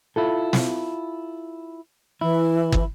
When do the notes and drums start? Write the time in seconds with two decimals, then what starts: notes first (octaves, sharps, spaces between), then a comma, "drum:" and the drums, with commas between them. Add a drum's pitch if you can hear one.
0.16 E4 F4 A4
0.53 drum: snare
2.21 E3 E4
2.72 drum: kick